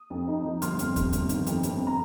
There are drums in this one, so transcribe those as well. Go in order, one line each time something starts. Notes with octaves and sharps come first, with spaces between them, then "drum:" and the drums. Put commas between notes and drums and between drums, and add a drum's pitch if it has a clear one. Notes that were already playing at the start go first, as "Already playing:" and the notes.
Already playing: D#6
F2
D#4
F3
G1 C6 F6, drum: hi-hat
F2, drum: hi-hat
F2, drum: kick D#2, hi-hat
G1, drum: hi-hat
D#3, drum: hi-hat
F2, drum: hi-hat
G1, drum: hi-hat
A#5